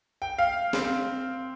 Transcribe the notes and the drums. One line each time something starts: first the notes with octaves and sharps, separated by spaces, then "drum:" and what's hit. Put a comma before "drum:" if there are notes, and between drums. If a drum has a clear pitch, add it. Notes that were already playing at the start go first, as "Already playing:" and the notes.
G5
F5
C4, drum: snare